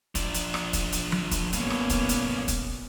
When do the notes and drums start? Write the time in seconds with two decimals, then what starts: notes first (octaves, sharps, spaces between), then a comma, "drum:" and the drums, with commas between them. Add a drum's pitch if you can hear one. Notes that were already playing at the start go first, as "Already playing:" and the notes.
0.15 F3 D4, drum: kick, hi-hat
0.34 drum: hi-hat
0.54 drum: rim click
0.73 drum: kick, hi-hat
0.93 drum: hi-hat
1.12 drum: tom F3
1.32 drum: kick, hi-hat
1.53 G2 B2 A#3 B3 C#4, drum: hi-hat
1.70 drum: rim click
1.90 drum: kick, hi-hat
2.09 drum: hi-hat
2.48 drum: kick, hi-hat